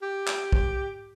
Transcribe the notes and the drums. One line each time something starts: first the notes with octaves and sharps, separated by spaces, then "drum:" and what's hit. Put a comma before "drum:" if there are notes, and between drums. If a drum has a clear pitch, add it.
G4
drum: clap
drum: kick